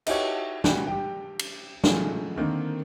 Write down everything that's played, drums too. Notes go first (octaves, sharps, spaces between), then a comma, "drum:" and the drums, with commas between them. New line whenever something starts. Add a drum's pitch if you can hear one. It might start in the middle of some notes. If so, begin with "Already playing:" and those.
D#4 E4 F#4 G4 C#5, drum: cymbal
E3 G3 C#4 F#4 G5, drum: snare
G4 G5
drum: cymbal
E3 F#3 G#3 A3 C#4 F4, drum: snare
D3 D#3 A#3 C4